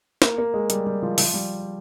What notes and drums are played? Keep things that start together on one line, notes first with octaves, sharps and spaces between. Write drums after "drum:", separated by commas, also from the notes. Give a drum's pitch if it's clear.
A#3, drum: snare
A#3
G#3
G3, drum: hi-hat
G3
F3
F3, drum: open hi-hat
G3